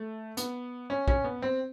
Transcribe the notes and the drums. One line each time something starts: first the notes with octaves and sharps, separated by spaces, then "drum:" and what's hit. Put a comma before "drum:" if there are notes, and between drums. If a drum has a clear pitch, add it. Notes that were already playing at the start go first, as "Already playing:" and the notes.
Already playing: A3
B3, drum: hi-hat
C#4
C#4, drum: kick
B3
C4